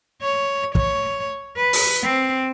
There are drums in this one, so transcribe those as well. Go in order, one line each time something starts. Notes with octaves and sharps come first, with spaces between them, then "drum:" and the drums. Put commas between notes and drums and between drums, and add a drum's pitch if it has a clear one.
C#5
C#5, drum: kick
B4
drum: open hi-hat
C4